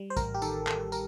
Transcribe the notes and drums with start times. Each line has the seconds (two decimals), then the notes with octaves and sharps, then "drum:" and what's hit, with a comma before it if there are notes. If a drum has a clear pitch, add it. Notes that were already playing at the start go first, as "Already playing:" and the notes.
Already playing: G3
0.10 C5
0.17 A1 A#4, drum: kick, tambourine
0.34 G4
0.42 D#3 A4, drum: tambourine
0.67 A1 A4, drum: clap
0.92 A#4, drum: tambourine